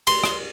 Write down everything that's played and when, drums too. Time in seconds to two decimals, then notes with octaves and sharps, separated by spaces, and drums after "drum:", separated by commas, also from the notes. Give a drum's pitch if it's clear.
0.07 C6, drum: cymbal
0.24 drum: rim click